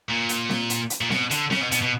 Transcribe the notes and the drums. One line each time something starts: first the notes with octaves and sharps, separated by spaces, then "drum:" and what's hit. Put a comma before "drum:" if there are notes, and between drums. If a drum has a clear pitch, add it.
A#2
drum: hi-hat
drum: snare C4
drum: hi-hat
drum: hi-hat
A#2
B2, drum: snare C4
D3, drum: hi-hat
C#3, drum: snare C4
B2
B2, drum: hi-hat
B2